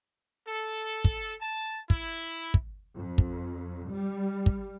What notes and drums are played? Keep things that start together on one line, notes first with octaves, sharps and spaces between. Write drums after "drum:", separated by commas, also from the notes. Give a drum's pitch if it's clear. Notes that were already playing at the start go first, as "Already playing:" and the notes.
A4
drum: kick
A5
E4, drum: kick
drum: kick
F2
drum: kick
G3
drum: kick